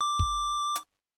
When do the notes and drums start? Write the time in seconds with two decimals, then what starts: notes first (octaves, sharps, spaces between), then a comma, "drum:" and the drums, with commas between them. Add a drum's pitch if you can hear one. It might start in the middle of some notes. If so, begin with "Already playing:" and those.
0.01 D6
0.19 drum: kick
0.76 drum: hi-hat